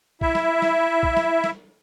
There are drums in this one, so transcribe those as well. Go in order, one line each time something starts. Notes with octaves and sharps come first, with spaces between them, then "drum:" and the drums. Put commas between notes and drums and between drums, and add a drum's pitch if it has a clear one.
E4 E5, drum: kick B1
drum: snare
drum: snare
drum: kick B1
drum: snare
drum: snare